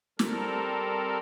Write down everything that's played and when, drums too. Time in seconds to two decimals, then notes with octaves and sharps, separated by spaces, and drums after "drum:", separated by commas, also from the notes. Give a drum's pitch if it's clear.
0.19 G3 C4 A4 A#4, drum: snare